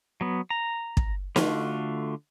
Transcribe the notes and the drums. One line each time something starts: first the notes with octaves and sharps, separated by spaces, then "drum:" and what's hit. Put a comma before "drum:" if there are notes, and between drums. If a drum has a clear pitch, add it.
F#3 B3
A#5
drum: kick
D3 A3 F4 F#4, drum: snare